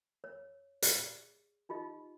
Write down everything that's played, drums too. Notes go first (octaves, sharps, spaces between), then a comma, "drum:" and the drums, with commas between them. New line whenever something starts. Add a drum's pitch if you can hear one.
C#5
G#4, drum: hi-hat
D#4 F4 G4 D#5